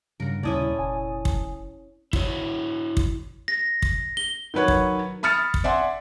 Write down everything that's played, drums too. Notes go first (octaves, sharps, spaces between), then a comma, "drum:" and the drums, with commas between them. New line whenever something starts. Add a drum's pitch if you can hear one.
G2 C#3 G3 A#4 F#5
D#2 A#2 C#4 E4 D5 A5 D#6
F1 G#5
drum: kick
E4 F#4 C#5, drum: kick
drum: kick
A#6
drum: kick
G7
D#3 F#3 B4 C#5
drum: kick
B5 D#6 F6 A6 C#7
drum: kick
D5 E5 F#5 G#5 C6